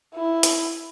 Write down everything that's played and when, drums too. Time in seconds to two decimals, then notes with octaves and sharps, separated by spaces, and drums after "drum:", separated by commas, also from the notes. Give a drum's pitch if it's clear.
0.14 E4
0.43 drum: hi-hat